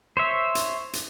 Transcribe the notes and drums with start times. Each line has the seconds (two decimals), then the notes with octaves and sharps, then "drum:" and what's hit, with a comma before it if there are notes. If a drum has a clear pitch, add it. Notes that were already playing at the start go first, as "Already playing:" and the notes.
0.17 C5 C#5 E5
0.55 drum: hi-hat
0.93 drum: hi-hat